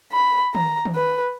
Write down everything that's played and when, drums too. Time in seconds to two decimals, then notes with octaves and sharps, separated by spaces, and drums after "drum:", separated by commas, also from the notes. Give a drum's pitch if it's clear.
0.13 B5
0.55 A#5, drum: tom D#3
0.85 drum: tom D#3
0.95 B4